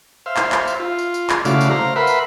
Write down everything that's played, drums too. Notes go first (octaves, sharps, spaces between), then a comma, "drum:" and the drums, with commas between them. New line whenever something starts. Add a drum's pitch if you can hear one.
C5 E5 F5
drum: clap
drum: clap
drum: tambourine
F4
drum: tambourine
drum: tambourine
drum: clap
C#3 A3 E4 F#4 D5 F5, drum: tambourine
drum: tambourine
C5 F5 A#5
A#4 B4 E5 F#5 B5 C6
drum: tambourine